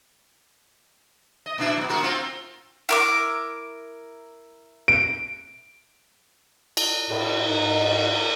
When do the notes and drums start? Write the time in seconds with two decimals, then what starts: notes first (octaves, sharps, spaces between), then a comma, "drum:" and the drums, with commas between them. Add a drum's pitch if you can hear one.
1.46 D#5
1.58 A#2 D4 E4
1.77 F#3 B3
1.89 A2 F#4 A#4
2.03 C4 F4
2.89 E4 A#4 D6
4.88 D7
6.77 drum: cymbal
7.10 A2, drum: cymbal
7.46 G#2 D#4
7.81 drum: cymbal